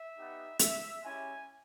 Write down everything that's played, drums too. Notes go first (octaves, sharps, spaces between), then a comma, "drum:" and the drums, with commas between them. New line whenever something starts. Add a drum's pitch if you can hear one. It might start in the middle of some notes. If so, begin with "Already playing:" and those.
Already playing: E5
B3 D#4 G4
E5, drum: hi-hat
G#3 C#4 E4 G4 G#5